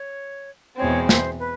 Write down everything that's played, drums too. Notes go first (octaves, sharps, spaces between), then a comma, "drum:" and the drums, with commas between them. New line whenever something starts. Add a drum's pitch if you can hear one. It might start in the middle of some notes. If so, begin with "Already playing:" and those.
Already playing: C#5
E2 B2 G#3 C4 C#5
C5, drum: snare
B4